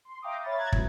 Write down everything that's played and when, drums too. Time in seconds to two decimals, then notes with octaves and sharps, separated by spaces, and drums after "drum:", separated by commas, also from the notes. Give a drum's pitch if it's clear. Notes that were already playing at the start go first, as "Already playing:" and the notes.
0.05 C6
0.22 E5 F5 G5 A#5 D6 D#6
0.44 C#5 E5 F5 B5 C#6 A6
0.57 E5 A#5 F#6 G#6 A6
0.73 C#2 A2 C3 E3 F#3 G#3, drum: kick